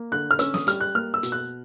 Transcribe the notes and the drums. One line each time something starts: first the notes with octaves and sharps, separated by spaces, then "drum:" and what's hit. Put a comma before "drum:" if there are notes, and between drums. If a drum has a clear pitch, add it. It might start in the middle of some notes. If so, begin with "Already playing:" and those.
Already playing: A#3
D3 F#6
F6
C#4 E6, drum: hi-hat
D#6, drum: snare
G3 F6, drum: hi-hat
F#6
A#3 F6
E6
B2, drum: hi-hat
F#6